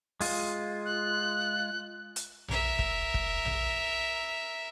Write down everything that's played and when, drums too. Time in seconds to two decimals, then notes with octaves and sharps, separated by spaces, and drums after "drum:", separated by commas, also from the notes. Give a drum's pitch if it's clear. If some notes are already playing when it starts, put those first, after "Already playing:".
0.20 G#3 F4, drum: open hi-hat
0.85 F#6
2.16 drum: hi-hat
2.48 A#4 E5, drum: tom A#1
2.79 drum: kick
3.14 drum: kick
3.45 drum: tom A#1